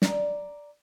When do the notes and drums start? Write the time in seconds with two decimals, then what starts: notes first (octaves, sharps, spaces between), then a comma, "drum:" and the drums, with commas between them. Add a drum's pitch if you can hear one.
0.02 D5 A#5, drum: snare